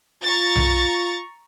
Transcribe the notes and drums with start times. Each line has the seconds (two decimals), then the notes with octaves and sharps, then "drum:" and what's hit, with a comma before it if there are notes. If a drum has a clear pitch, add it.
0.23 F4 A#5 C#6 A6
0.56 drum: tom B1